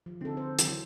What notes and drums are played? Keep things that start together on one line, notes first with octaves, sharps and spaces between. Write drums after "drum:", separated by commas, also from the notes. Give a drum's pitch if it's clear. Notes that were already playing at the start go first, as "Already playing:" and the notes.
F3
D3 C4 D#4 A4
C5
E3 F#3, drum: hi-hat